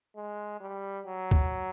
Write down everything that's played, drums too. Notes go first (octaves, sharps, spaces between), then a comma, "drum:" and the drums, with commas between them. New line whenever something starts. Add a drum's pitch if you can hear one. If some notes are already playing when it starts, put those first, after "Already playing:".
G#3
G3
F#3
drum: kick C#2